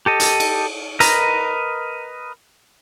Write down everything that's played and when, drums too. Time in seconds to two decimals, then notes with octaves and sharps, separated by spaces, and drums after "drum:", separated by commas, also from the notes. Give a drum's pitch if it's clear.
0.06 G4 A4 D#5
0.20 drum: hi-hat
0.40 drum: cymbal
1.00 A#4 B4 D#5 A#5, drum: hi-hat